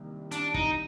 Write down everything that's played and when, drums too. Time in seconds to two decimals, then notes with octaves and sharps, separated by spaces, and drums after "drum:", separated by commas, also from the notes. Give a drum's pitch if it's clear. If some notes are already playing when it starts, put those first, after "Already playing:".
Already playing: C2 C3 D#3 G3 A#3
0.31 D4, drum: hi-hat
0.54 D#4, drum: kick